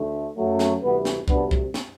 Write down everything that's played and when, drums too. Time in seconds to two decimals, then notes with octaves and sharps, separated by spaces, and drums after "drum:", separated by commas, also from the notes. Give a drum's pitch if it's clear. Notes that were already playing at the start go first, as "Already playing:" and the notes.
Already playing: D2 D3 A3
0.37 F#2 F#3 A3
0.59 drum: snare
0.82 D2 C3 E3 G3 B3
1.05 drum: snare
1.28 D2 C3 G3 B3 D4, drum: kick
1.51 drum: kick
1.74 drum: snare